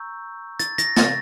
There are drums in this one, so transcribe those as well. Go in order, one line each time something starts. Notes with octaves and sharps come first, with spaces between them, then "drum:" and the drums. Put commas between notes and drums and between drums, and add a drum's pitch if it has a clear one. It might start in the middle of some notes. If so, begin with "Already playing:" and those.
Already playing: A#5 C#6 E6 G6
A6, drum: hi-hat
A#6, drum: hi-hat
A6, drum: snare